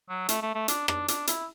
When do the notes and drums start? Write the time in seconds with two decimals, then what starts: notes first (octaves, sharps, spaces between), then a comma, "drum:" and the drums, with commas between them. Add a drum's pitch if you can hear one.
0.09 F#3
0.29 A3, drum: hi-hat
0.42 A3
0.55 A3
0.68 D4, drum: hi-hat
0.88 D4, drum: rim click
1.08 D4, drum: hi-hat
1.27 E4, drum: hi-hat